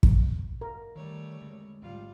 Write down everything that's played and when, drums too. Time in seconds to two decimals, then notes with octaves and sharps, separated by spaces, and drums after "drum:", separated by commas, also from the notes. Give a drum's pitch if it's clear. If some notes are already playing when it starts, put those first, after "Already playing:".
0.03 drum: kick
0.61 A#4
0.96 D#3 G3 A3 C#5
1.42 D3 G#3
1.82 A1 G#2 F3 G3 F4